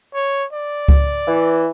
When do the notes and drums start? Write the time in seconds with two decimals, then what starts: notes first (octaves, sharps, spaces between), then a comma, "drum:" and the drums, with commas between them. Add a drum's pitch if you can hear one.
0.14 C#5
0.53 D5
0.88 drum: kick C#2
1.27 E3